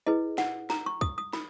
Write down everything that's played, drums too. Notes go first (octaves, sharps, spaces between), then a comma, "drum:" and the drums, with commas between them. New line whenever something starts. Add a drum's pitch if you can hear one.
E4 G#4 B4 D#5
F#5, drum: snare
A#5, drum: snare
C#6
D#6, drum: kick
D#6
B5, drum: snare